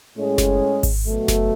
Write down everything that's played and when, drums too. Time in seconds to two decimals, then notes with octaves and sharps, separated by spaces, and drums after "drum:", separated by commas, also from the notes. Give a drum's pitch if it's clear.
0.16 A2 G#3 C#4 G#4
0.38 drum: snare F#1
0.83 drum: kick G#1, open hi-hat
1.06 B2 F#3 A3
1.28 drum: snare F#1